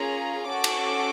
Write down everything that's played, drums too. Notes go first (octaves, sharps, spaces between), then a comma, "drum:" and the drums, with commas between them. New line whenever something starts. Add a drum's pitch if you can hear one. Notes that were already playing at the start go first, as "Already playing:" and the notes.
Already playing: A#3 C#4 F4 G#4 A#5
C#4 F#4 A4 D6
drum: cymbal